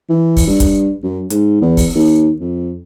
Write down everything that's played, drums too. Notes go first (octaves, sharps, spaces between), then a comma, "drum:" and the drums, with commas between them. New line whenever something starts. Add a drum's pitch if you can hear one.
E3
drum: kick, open hi-hat
G2
drum: kick, hi-hat
F#2
G#2, drum: hi-hat
E2
drum: kick, open hi-hat
D#2
F2